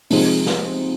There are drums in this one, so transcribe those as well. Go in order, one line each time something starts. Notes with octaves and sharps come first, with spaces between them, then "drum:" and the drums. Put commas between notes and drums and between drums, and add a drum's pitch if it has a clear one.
C3 F3 G#3 C4 D#4, drum: open hi-hat
drum: snare